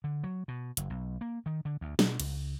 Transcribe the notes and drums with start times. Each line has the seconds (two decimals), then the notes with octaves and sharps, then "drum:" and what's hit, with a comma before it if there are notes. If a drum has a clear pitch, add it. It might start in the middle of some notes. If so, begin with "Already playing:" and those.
0.04 D3
0.24 F#3
0.48 B2
0.77 F#1, drum: hi-hat
0.90 B1
1.21 A#3
1.46 D#3
1.65 D3
1.81 D2
1.99 B2, drum: snare
2.20 C#2, drum: cymbal